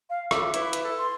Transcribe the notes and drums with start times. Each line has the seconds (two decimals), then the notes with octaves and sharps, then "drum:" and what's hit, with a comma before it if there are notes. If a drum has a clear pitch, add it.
0.09 F5
0.31 E5 D6, drum: rim click
0.54 E4 B4, drum: hi-hat
0.73 drum: hi-hat
0.84 A4
0.97 C6